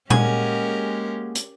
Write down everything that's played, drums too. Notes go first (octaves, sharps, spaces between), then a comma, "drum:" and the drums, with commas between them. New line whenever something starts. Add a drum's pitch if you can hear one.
G#3 A#3 C#4 G4 G#4 A#4 F#5 G#5, drum: tom A#2
drum: hi-hat